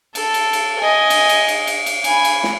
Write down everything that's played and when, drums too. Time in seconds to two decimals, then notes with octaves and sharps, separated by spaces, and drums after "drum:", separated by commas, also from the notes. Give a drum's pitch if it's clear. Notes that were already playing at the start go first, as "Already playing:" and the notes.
0.15 A4, drum: cymbal
0.34 drum: cymbal
0.53 drum: cymbal
0.79 D#5 G#5
1.10 drum: cymbal
1.29 drum: cymbal
1.48 drum: cymbal
1.67 drum: cymbal
1.86 drum: cymbal
2.04 G#5 B5, drum: cymbal
2.24 drum: cymbal
2.44 drum: snare